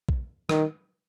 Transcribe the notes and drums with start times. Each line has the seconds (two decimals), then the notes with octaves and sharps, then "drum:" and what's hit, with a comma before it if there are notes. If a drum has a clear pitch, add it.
0.09 drum: kick A#1
0.49 D#3, drum: rim click